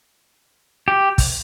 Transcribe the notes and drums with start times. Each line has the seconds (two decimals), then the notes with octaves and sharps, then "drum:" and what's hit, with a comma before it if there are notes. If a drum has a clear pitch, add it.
0.88 G4
1.18 drum: kick, open hi-hat